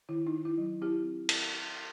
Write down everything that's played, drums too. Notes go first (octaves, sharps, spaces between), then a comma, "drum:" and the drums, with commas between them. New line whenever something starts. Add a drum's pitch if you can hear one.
D#3 E4
D#4
D#3
E4
F#3
C4 E4 G4
drum: cymbal